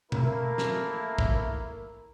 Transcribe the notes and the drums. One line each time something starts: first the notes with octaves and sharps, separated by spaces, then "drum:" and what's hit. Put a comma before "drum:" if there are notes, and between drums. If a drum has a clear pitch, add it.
A3 A#3 E4 A#4, drum: tom B2
drum: snare
drum: kick